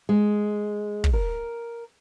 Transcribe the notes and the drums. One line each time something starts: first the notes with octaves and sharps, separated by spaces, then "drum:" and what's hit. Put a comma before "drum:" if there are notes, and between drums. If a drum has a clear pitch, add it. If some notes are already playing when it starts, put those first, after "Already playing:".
G#3
drum: kick
A#4